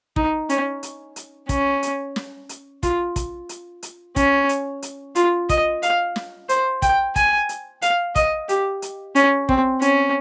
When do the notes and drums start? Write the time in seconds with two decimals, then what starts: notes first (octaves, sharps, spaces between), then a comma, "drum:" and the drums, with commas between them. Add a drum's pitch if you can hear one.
0.16 D#4, drum: kick
0.49 C#4, drum: hi-hat
0.83 drum: hi-hat
1.16 drum: hi-hat
1.49 C#4, drum: kick, hi-hat
1.83 drum: hi-hat
2.16 drum: snare
2.49 drum: hi-hat
2.83 F4, drum: kick, hi-hat
3.16 drum: kick, hi-hat
3.49 drum: hi-hat
3.83 drum: hi-hat
4.16 C#4, drum: kick, hi-hat
4.49 drum: hi-hat
4.82 drum: hi-hat
5.15 F4, drum: hi-hat
5.49 D#5, drum: kick, hi-hat
5.83 F5, drum: hi-hat
6.16 drum: snare
6.49 C5, drum: hi-hat
6.82 G5, drum: kick, hi-hat
7.16 G#5, drum: kick, hi-hat
7.49 drum: hi-hat
7.82 F5, drum: hi-hat
8.16 D#5, drum: kick, hi-hat
8.49 G4, drum: hi-hat
8.82 drum: hi-hat
9.16 C#4, drum: hi-hat
9.49 C4, drum: kick
9.82 C#4, drum: hi-hat